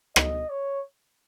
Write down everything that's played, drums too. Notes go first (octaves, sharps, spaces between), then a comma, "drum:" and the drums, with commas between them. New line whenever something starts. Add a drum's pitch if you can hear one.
D#5, drum: rim click
C#5